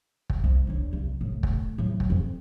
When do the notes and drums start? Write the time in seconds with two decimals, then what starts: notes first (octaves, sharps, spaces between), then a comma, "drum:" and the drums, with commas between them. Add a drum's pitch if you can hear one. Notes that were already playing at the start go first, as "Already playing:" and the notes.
0.30 drum: kick
0.44 C2
0.67 D#2 D3
0.93 C2 F2
1.21 A2
1.43 drum: kick
1.78 A2 F#3
2.00 drum: kick
2.10 F2